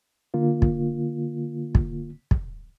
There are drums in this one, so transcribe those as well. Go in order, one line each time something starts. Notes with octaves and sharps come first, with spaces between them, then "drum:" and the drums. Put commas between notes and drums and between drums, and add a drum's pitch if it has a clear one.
D3 A#3 F4
drum: kick
drum: kick
drum: kick